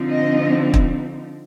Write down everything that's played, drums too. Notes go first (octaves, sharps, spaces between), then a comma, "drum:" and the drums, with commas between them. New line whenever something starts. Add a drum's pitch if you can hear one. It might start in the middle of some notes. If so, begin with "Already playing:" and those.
Already playing: D3 F3 C4 D#4
D#5
drum: kick